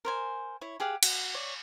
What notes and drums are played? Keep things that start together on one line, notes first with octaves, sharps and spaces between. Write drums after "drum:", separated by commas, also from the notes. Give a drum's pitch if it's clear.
A#4 C5 G#5
E4 C#5
G4 G#4 F5 F#5
F#4, drum: cymbal
C#5 D5